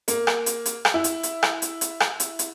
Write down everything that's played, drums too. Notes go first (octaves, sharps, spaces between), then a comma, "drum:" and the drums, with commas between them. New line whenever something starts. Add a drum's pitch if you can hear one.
A#3, drum: hi-hat
drum: rim click
drum: hi-hat
drum: hi-hat
drum: rim click
E4
drum: hi-hat
drum: hi-hat
drum: rim click
drum: hi-hat
drum: hi-hat
drum: rim click
drum: hi-hat
drum: hi-hat